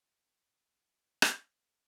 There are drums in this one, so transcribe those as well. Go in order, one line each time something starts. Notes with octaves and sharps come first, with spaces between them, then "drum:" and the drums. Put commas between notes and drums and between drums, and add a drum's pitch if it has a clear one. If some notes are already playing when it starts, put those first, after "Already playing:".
Already playing: C#2 B2 B3 C#4 D4 F#4
G#4
A4
E4
F#4
drum: rim click
D2 D3